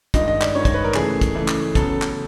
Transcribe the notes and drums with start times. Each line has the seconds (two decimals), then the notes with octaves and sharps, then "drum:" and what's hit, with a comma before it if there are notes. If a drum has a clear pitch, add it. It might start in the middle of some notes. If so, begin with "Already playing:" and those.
0.14 G2 D#3 G#3 D#5, drum: kick, hi-hat
0.28 D#5
0.41 D5, drum: clap
0.55 G2 D#3 G#3 C#5
0.65 C#5, drum: kick, hi-hat
0.74 B4
0.84 A#4
0.94 C#3 E3 A3 G#4, drum: clap
1.21 drum: kick, hi-hat
1.35 C#3 E3 A3
1.48 drum: clap
1.75 C#3 F#3 B3 A4, drum: kick, hi-hat
2.02 drum: clap